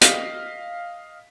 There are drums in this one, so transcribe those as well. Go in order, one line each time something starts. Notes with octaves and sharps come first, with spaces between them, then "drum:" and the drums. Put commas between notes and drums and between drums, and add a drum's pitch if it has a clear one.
D#5 F5 B6, drum: hi-hat